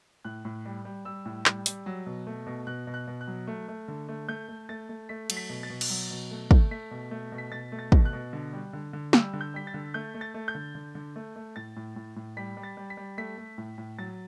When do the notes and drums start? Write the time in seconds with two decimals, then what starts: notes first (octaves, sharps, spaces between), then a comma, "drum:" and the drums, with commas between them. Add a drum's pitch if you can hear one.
0.25 A2 F#6
0.45 A2
0.65 G3
0.85 G3
1.05 G3 E6
1.26 A2
1.46 G3, drum: clap
1.66 G3, drum: hi-hat
1.86 F#3
2.06 B2
2.27 A3
2.47 B2
2.67 B2 F#6
2.87 B2
2.94 F#6
3.07 B2
3.21 F#6
3.27 F#3
3.47 A3
3.68 A3
3.88 D3
4.09 A3
4.28 A3 G6
4.48 A3
4.69 A3 A6
4.89 A3
5.09 A3 B6
5.30 F#3, drum: cymbal
5.37 B6
5.49 B2
5.63 A6
5.70 B2
5.81 drum: cymbal
5.90 F#3
6.11 B2
6.31 A3
6.51 A3, drum: kick
6.71 A3 B6
6.91 B2
7.11 A3
7.32 B2
7.38 B6
7.52 B2 A6
7.72 A3
7.79 A6
7.92 B2, drum: kick
8.05 F#6
8.13 B2
8.33 D3
8.53 G3
8.73 D3
8.93 D3
9.13 G3 E6, drum: snare
9.33 D3
9.41 G6
9.54 G3 B6
9.67 A6
9.74 D3
9.94 A3 G6
10.14 A3
10.21 A6
10.34 A3
10.48 G6
10.55 D3
10.75 D3
10.95 D3
11.16 A3
11.36 A3
11.56 A2 A6
11.76 A2
11.96 A2
12.16 A2
12.37 G3 B6
12.57 G3
12.63 A6
12.77 G3
12.90 B6
12.97 G3
13.18 A3 B6
13.38 A3
13.58 A2
13.78 A2
13.98 F#3 A6